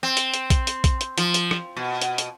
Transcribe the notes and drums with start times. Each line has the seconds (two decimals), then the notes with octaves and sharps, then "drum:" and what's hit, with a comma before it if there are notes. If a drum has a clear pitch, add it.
0.03 C4
0.17 drum: hi-hat
0.34 drum: hi-hat
0.50 drum: kick A#1, hi-hat
0.67 drum: hi-hat
0.84 drum: kick A#1, hi-hat
1.01 drum: hi-hat
1.18 F3, drum: hi-hat
1.34 drum: hi-hat
1.51 drum: rim click
1.77 B2
2.01 drum: hi-hat
2.18 drum: hi-hat